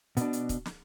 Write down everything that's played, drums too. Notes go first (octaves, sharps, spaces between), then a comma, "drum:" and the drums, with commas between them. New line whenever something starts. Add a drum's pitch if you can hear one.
B2 D4, drum: hi-hat
drum: hi-hat
drum: kick, hi-hat
drum: snare